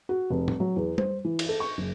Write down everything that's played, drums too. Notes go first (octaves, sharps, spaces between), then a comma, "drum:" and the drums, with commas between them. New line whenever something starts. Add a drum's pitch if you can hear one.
F#4
F1
drum: tom A2
F#3
E2
C5, drum: tom G3
E3
drum: cymbal
A4
C#6
F#1